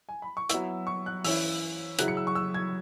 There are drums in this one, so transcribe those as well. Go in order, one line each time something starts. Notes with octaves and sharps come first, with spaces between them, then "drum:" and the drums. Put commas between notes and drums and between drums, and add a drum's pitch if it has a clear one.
G#5
B5
C#6
F#3 B3 E4 E6, drum: hi-hat
C#6
F#6
E3 C#4 E4 E6, drum: open hi-hat
C#3 F#3 E4 F#6, drum: hi-hat
C#7
E6
C#6
E6
G#6